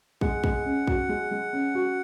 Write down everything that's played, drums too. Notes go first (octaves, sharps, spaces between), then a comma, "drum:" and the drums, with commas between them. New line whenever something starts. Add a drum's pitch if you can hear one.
G#3 F#5, drum: kick
G#3, drum: kick
C#4
F#4, drum: kick
G#3
G#3
C#4
F#4